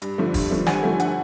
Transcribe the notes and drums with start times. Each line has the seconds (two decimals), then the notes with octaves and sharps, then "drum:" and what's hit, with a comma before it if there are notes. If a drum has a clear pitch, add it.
0.02 G2, drum: hi-hat
0.18 D3 F3 A3
0.34 G2, drum: kick, open hi-hat
0.50 D3 F3 A3
0.67 G2 F#5 G#5, drum: snare
0.83 D3 F3 A3
1.00 F#5 G#5, drum: hi-hat